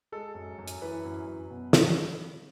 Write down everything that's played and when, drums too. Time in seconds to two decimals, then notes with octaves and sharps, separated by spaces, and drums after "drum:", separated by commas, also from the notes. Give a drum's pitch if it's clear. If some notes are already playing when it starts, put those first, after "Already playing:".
0.12 G#3 A4
0.35 F#2
0.58 F#2
0.68 drum: hi-hat
0.82 E3 B4
1.05 F#2
1.28 F#2
1.50 B2
1.73 drum: snare